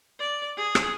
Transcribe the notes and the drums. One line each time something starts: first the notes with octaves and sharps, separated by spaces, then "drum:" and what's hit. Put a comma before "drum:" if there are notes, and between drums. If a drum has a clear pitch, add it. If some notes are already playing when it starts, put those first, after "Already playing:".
D5
G#4
drum: rim click